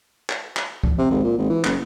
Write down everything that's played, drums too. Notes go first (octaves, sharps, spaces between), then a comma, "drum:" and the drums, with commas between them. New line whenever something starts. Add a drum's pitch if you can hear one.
drum: clap
drum: clap
drum: kick C#2
C3
G#1
A#2
G#1
E3
F#1, drum: clap